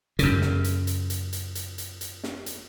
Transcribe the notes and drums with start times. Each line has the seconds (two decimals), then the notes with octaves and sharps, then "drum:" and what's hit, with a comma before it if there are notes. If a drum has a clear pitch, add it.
0.19 F#2 C#3, drum: hi-hat
0.42 drum: snare
0.64 drum: hi-hat
0.87 drum: hi-hat
1.10 drum: hi-hat
1.33 drum: hi-hat
1.55 drum: hi-hat
1.78 drum: hi-hat
2.01 drum: hi-hat
2.24 drum: snare
2.46 drum: hi-hat